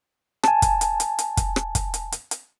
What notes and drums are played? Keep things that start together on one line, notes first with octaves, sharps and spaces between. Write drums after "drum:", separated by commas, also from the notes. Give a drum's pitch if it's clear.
G#5 A5, drum: rim click
drum: kick, hi-hat
drum: hi-hat
drum: hi-hat
drum: hi-hat
drum: kick, hi-hat
drum: rim click
drum: kick, hi-hat
drum: hi-hat
drum: hi-hat
drum: hi-hat